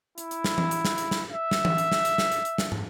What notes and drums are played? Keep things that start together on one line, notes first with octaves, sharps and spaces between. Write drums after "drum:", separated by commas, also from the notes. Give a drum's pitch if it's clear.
E4, drum: hi-hat
drum: hi-hat
drum: snare
drum: tom E3
drum: hi-hat
drum: snare
drum: hi-hat
drum: snare
E5
drum: snare
drum: tom E3
drum: hi-hat
drum: snare
drum: hi-hat
drum: snare
drum: hi-hat
drum: hi-hat
drum: snare
drum: tom